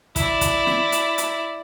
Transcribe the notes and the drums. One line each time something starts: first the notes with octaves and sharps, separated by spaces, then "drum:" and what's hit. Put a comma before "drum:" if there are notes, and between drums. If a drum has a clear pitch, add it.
E4 D5, drum: kick, hi-hat
drum: kick, hi-hat
drum: snare
drum: hi-hat
drum: hi-hat